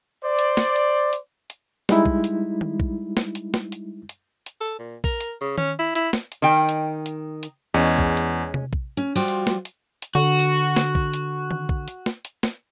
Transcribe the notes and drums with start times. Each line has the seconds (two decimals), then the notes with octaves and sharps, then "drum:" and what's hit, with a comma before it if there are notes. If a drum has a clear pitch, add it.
0.23 C5 D5
0.39 drum: hi-hat
0.57 drum: snare
0.76 drum: hi-hat
1.13 drum: hi-hat
1.50 drum: hi-hat
1.89 G3 G#3 D#4 E4, drum: snare
2.05 drum: kick
2.24 drum: hi-hat
2.61 drum: tom D#3
2.80 drum: kick
3.17 drum: snare
3.35 drum: hi-hat
3.54 drum: snare
3.72 drum: hi-hat
4.09 drum: hi-hat
4.46 drum: hi-hat
4.61 A4
4.79 A#2
5.04 A#4, drum: kick
5.21 drum: hi-hat
5.41 C#3
5.58 C#4, drum: tom D#3
5.79 E4
5.95 E4, drum: hi-hat
6.13 drum: snare
6.32 drum: hi-hat
6.42 D#3 G5
6.69 drum: hi-hat
7.06 drum: hi-hat
7.43 drum: hi-hat
7.74 E2 G#3 C#4
7.99 drum: kick
8.17 drum: hi-hat
8.54 drum: tom C3
8.73 drum: kick
8.97 C#4
9.15 F3 G3 F4 F#4 G5
9.28 drum: hi-hat
9.47 drum: snare
9.65 drum: hi-hat
10.02 drum: hi-hat
10.15 D3 F#4
10.39 drum: hi-hat
10.76 drum: snare
10.95 drum: kick
11.14 drum: hi-hat
11.51 drum: tom D#3
11.69 drum: kick
11.88 drum: hi-hat
12.06 drum: snare
12.25 drum: hi-hat
12.43 drum: snare